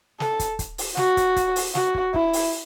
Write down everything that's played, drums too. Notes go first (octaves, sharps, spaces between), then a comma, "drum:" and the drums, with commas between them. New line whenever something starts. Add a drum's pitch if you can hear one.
A4, drum: snare
drum: kick, hi-hat
drum: kick, hi-hat
drum: open hi-hat
F#4, drum: snare
drum: kick, hi-hat
drum: kick, hi-hat
drum: open hi-hat
F#4, drum: snare
drum: kick
E4, drum: kick
drum: open hi-hat